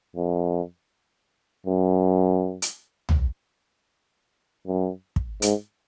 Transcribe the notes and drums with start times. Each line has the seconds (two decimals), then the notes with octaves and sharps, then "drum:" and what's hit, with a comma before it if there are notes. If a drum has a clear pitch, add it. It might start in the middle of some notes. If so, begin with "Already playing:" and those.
0.16 F2
1.66 F#2
2.62 drum: hi-hat
3.09 drum: tom B1
4.67 F#2
5.16 drum: kick
5.42 G#2, drum: hi-hat